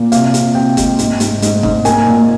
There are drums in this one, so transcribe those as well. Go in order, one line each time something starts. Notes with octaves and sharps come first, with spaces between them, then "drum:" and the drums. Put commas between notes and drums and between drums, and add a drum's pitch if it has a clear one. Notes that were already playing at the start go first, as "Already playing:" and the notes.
Already playing: A#2
C3 F5, drum: hi-hat
C3, drum: hi-hat
C3 G5
G#3, drum: kick, hi-hat
G#2, drum: hi-hat
G#2, drum: hi-hat
G#2, drum: hi-hat
G#2, drum: kick
A#3 G#5, drum: hi-hat
A#2